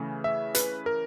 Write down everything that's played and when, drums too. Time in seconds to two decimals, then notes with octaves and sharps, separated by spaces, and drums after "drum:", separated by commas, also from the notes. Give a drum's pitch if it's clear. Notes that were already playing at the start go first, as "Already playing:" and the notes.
Already playing: C#3 E3 A3 C#4
0.24 E5
0.55 B4, drum: hi-hat
0.86 A#4